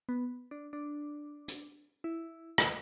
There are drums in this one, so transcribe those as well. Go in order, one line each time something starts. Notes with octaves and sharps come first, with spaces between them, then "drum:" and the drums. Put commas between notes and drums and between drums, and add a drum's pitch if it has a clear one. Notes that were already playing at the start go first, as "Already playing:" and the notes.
B3
D4
D4
drum: hi-hat
E4
drum: rim click